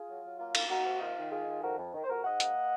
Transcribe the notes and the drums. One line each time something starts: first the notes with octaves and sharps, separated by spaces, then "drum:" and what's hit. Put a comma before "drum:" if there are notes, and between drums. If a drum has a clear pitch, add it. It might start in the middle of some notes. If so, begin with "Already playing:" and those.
Already playing: F4 G#4
F#3
F#3
A#3 F4
A#3, drum: cymbal
A#3 D#4 F#4
C3
D#4
D#3 F4
D#3
G#3 F4 G#4
D#3
F2 F#4 A#4
F2
D#3
C5
F2 F#4 A#4
G#2 D#5 F#5
A#3, drum: hi-hat